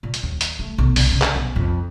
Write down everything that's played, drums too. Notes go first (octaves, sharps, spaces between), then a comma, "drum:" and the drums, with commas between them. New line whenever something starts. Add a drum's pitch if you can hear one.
A#2
drum: hi-hat
D#2
drum: hi-hat
A3
B1
D3, drum: open hi-hat
C#3
drum: clap
B1
F2